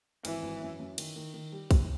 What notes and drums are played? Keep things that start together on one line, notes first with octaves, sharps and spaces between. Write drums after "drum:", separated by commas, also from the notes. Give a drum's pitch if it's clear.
G#1 E3, drum: cymbal
G#1
F#2
F#2
D#3, drum: cymbal
D#3
D#3
G3
D#2, drum: kick B1, cymbal